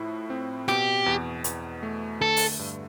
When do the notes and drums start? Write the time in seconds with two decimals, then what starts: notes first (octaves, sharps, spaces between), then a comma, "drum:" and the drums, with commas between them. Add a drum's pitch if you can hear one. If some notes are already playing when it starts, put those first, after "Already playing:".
Already playing: A2 F3 E4
0.30 C4
0.68 B2 G4, drum: snare
1.06 E2
1.44 E2, drum: hi-hat
1.83 A3
2.21 D3 A4
2.37 drum: open hi-hat
2.59 G2